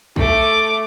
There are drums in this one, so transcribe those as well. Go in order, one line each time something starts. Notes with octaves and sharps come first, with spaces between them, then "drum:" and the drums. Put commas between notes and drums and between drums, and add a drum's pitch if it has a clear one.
A3 D6, drum: kick A#1